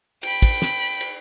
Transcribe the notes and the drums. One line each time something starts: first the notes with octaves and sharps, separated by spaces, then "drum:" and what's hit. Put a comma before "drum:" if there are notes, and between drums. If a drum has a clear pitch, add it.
G5 B5, drum: cymbal
drum: kick, cymbal
drum: snare
drum: cymbal